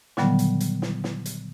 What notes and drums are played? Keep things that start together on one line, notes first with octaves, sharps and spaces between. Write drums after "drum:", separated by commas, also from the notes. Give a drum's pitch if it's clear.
A#2 D3 D#3 F#3 G3 B3, drum: snare
drum: hi-hat
drum: hi-hat
drum: snare
drum: snare
drum: hi-hat